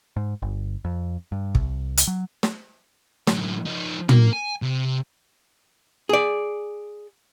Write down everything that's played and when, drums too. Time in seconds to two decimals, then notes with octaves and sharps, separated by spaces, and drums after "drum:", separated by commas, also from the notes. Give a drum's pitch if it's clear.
0.16 G#2
0.42 G1
0.85 F2
1.32 G2
1.55 C2, drum: kick
1.97 drum: hi-hat
2.07 F#3
2.43 drum: snare
3.27 F#2 A2, drum: snare
3.65 F3 D#4
4.09 A#3 A#4, drum: tom
4.33 G#5
4.62 C3
6.09 G#4 D5